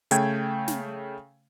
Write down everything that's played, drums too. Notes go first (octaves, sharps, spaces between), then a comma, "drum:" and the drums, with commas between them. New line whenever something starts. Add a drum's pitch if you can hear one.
C#3 A3 G5 G#6, drum: hi-hat
drum: snare